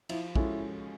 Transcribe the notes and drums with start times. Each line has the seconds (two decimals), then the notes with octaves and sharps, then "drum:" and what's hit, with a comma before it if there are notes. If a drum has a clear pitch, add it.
0.09 F3 E4, drum: cymbal
0.35 G#3 C#4 E4 F#4 A4, drum: kick